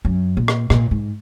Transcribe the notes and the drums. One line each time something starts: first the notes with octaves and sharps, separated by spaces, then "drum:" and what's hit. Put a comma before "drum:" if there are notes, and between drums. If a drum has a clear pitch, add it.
F#2
A#2
drum: rim click
A#2, drum: rim click
G#2